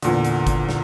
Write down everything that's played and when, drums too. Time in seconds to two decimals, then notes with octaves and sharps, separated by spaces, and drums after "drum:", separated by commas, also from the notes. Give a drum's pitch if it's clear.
0.02 E2 A#2 D3, drum: hi-hat
0.25 drum: hi-hat
0.47 drum: kick, hi-hat
0.69 drum: snare